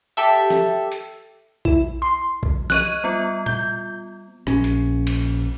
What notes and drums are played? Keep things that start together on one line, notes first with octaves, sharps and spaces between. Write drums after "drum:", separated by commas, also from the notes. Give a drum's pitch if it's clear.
G4 A4 E5
drum: snare
drum: hi-hat
E4, drum: kick B1
C6
drum: kick B1
D#5 C#6 F6 F#6 D#7, drum: snare
G3 B3 F4
G6, drum: tom
A#1 C#4, drum: rim click
drum: hi-hat
drum: cymbal